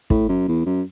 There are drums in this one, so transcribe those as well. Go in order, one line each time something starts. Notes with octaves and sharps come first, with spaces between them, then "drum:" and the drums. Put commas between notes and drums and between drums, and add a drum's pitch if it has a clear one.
A2, drum: kick
F#2
E2
F#2